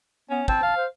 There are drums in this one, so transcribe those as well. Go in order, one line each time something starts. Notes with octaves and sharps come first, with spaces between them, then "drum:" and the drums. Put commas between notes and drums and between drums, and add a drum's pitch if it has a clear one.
B3 C#4
C4 A5, drum: kick
F5
C5